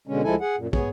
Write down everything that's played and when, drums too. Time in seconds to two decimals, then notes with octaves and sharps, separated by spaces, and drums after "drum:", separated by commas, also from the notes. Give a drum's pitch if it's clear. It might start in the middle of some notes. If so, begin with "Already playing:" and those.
0.07 B2 D3 G#3 C#4
0.24 D2 F3 G#3 E4 A4 G#5
0.41 G#4 F#5
0.58 F#2 A#2
0.73 B3 G#4 C#5, drum: kick